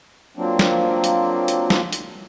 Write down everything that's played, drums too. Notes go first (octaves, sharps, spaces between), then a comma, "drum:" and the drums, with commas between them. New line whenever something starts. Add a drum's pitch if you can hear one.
F3 F#3 A#3 C4 D4
drum: snare
drum: hi-hat
drum: hi-hat
drum: snare
drum: hi-hat